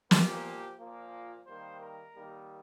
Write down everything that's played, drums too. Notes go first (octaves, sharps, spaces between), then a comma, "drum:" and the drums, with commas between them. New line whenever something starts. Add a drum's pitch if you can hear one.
A#2 F3 A#3 G4, drum: snare
A#2 F3 A#3
D#3 G3 A#3 C5
A#4
D#3 G3 A#3